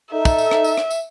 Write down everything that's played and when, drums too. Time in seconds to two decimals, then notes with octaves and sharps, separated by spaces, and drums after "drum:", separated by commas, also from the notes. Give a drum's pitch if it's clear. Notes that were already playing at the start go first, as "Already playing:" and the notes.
0.12 D#4 A4 E5
0.25 drum: kick, tambourine
0.38 drum: tambourine
0.51 drum: rim click
0.64 drum: tambourine
0.77 drum: rim click
0.91 drum: tambourine